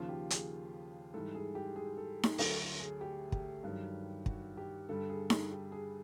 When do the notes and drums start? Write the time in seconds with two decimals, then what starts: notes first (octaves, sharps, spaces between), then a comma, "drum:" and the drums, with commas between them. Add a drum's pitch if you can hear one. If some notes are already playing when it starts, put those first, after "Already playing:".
Already playing: D#2 C#3 F3 F4
0.09 G4
0.30 G#4, drum: hi-hat
1.14 G#2 E3 G3 A4
1.35 G#4
1.55 G4
1.76 G#4
1.97 A4
2.23 drum: snare D#4
2.38 D2 D3 F#3 A4, drum: open hi-hat
2.59 A4
2.80 G#4
3.01 G4
3.32 G4, drum: kick
3.63 G2 D#3 F#3
4.26 F#4, drum: kick
4.57 G4
4.89 G2 D3 G3 A4
5.09 G#4
5.30 G#4, drum: snare D#4
5.51 G4
5.72 G#4